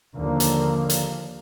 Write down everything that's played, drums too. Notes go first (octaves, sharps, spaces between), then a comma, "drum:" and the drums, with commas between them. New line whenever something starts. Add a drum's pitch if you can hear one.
D#2 D3 F3 A#3
drum: hi-hat
drum: hi-hat